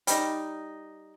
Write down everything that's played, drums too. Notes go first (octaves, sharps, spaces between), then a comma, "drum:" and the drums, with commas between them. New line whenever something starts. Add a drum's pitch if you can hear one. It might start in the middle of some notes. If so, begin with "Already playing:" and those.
G3 D#4, drum: hi-hat